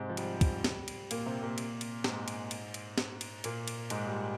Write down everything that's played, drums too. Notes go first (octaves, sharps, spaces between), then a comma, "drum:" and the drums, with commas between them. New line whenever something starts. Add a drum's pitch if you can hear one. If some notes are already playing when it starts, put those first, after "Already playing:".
Already playing: G#2 C3 G#3 C4
F3
G3, drum: cymbal
drum: kick, cymbal
drum: snare
drum: cymbal
A#2 A#3, drum: cymbal
C3 C4
A#2 A#3
drum: cymbal
drum: cymbal
G#2 G#3, drum: snare
drum: cymbal
drum: cymbal
drum: cymbal
drum: snare
drum: cymbal
A#2 A#3, drum: cymbal
drum: cymbal
G#2 G#3, drum: cymbal
G3